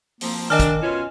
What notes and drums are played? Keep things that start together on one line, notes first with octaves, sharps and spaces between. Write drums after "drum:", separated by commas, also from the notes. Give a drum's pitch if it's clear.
F3 A#3 C4, drum: open hi-hat
D#3 D4 D#5 G#5 F6
drum: kick, hi-hat
B2 C#4 F4